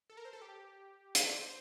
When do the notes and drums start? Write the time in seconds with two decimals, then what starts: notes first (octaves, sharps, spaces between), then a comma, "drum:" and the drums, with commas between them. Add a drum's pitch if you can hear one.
0.10 A4
0.17 A#4
0.25 C5
0.33 A4
0.42 G4
1.15 A4, drum: hi-hat
1.26 D5
1.37 C5